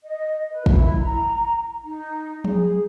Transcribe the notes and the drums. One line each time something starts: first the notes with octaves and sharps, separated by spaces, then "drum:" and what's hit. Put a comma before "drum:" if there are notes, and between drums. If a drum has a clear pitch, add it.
D#5
B4
E4, drum: kick
A#5
D#4
G#4, drum: tom F3